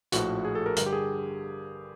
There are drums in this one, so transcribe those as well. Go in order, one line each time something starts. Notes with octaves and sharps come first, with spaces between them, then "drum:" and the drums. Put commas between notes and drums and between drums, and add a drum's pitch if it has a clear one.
A#1 A2 F3 A3 F#4, drum: hi-hat
G#4
A4
A#4
G2 D3 G3 A#4, drum: hi-hat
G4
G#4